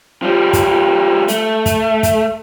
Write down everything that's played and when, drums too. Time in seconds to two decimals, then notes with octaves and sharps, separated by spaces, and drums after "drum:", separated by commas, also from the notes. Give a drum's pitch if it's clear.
0.23 F3 G3
0.53 drum: kick, hi-hat
1.28 A3, drum: hi-hat
1.66 drum: kick, hi-hat
2.03 drum: kick, hi-hat